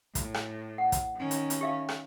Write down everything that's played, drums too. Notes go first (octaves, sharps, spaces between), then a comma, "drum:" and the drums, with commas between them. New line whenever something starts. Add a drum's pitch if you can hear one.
A2, drum: kick, hi-hat
drum: rim click
F#5
drum: kick, hi-hat
D#3 C#4
drum: hi-hat
drum: hi-hat
G4 E5 F5
drum: rim click